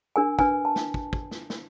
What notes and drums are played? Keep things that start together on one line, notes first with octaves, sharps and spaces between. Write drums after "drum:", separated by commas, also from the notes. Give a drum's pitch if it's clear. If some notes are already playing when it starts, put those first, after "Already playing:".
D4 A#4 G#5
D4 B4 G#5, drum: kick
A5
drum: snare
drum: kick
drum: kick
drum: snare
drum: snare